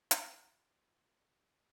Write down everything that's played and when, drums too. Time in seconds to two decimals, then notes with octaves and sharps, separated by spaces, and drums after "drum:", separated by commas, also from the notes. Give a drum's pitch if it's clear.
0.11 F4, drum: hi-hat